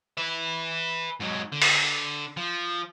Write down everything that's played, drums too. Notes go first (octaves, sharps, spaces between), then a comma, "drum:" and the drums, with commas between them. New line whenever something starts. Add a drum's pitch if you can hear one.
B4 E5
G#2 F#3
D3
drum: open hi-hat
F3